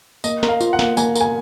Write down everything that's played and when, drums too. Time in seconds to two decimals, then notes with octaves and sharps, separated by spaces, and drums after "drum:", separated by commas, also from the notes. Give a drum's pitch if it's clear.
0.24 A#3 D#5, drum: tambourine
0.43 A#4, drum: snare
0.49 F5
0.61 F4, drum: tambourine
0.73 F#5
0.79 A#3, drum: snare
0.97 A#3 G#5, drum: tambourine
1.15 A#4, drum: tambourine
1.21 G#5